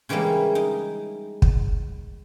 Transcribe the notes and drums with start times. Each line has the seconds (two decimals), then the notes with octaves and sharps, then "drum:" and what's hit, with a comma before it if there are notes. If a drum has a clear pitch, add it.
0.09 C#3 E3 G3 G#3 A#3
0.55 D#4
1.42 drum: kick